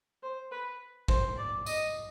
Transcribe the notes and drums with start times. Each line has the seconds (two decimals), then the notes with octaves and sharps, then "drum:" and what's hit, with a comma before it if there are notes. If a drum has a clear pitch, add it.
0.23 C5
0.52 B4
1.08 C5, drum: kick
1.38 D5
1.66 D#5, drum: tambourine